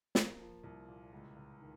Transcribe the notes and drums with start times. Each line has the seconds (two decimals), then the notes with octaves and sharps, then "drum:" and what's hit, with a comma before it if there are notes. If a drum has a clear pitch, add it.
0.15 A#3, drum: snare
0.39 F3
0.64 C2
0.88 A#2
1.13 C#2
1.36 C#2
1.61 D#3